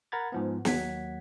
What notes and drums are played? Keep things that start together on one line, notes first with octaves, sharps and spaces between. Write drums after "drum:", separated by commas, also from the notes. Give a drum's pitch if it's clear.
A#4 F#5 A#5 B5 G#6 A6
G#2 F3 B3
D#2 F#3 F#5 G#6 B6, drum: snare